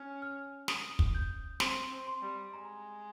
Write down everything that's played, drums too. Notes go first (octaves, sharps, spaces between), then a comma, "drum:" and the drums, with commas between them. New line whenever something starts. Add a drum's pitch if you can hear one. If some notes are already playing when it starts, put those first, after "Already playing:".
Already playing: C#4 F6
F6
D#6, drum: snare
drum: kick
G6
C4 C6, drum: snare
C4
C6
G3
G#3 A#5